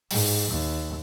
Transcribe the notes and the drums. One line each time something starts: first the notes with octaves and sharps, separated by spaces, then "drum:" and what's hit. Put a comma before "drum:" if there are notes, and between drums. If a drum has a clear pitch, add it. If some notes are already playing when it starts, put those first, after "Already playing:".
G#2, drum: open hi-hat
D#2